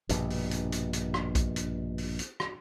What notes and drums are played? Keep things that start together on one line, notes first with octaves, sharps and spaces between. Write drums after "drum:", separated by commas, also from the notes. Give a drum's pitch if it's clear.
A#1 G2 B2, drum: hi-hat
drum: open hi-hat
drum: hi-hat
drum: hi-hat
drum: hi-hat
drum: rim click
drum: kick B1, hi-hat
drum: hi-hat
drum: open hi-hat
drum: hi-hat
drum: rim click